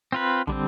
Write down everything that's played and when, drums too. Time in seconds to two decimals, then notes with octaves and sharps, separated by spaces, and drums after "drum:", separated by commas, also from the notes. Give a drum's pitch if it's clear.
0.12 C4 F4 B4
0.47 D3 G3 C4, drum: kick